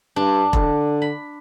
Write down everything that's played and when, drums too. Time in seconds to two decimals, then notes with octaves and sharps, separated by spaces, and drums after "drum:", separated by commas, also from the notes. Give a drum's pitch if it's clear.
0.16 G2 D4
0.53 D3, drum: kick E1
1.02 B5